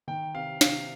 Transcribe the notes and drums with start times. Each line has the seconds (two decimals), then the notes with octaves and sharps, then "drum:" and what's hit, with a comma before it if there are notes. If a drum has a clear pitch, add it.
0.08 D#3 G5
0.35 C3 F5
0.61 C3 F5, drum: snare